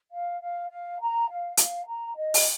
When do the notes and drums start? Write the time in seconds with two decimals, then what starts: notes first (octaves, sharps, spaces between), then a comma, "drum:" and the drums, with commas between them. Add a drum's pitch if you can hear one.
0.11 F5
0.41 F5
0.69 F5
1.00 A#5
1.29 F5
1.57 F5, drum: hi-hat
1.87 A#5
2.15 D#5
2.34 drum: open hi-hat